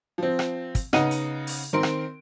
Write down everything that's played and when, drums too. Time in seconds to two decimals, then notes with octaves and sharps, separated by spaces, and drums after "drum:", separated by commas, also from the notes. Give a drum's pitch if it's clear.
0.18 F3 C4
0.39 drum: rim click
0.75 drum: kick, hi-hat
0.93 C#3 B3 D#4 D#5 F#5 D#7, drum: rim click
1.11 drum: hi-hat
1.47 drum: open hi-hat
1.73 D#3 C4 A#4 C6 D7
1.83 drum: rim click